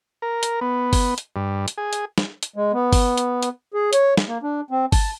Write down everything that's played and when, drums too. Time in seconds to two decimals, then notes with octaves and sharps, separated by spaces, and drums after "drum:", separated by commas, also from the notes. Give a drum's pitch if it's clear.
0.22 A#4
0.43 drum: hi-hat
0.61 B3
0.93 drum: kick G1, open hi-hat
1.18 drum: hi-hat
1.36 G2
1.68 drum: hi-hat
1.78 G#4
1.93 drum: hi-hat
2.18 drum: snare
2.43 drum: hi-hat
2.56 G#3
2.73 B3
2.93 drum: kick G1, open hi-hat
3.18 drum: hi-hat
3.43 drum: hi-hat
3.74 G#4
3.93 C#5, drum: hi-hat
4.17 drum: snare
4.28 A#3
4.43 D4
4.71 C4
4.92 A5, drum: kick G1, open hi-hat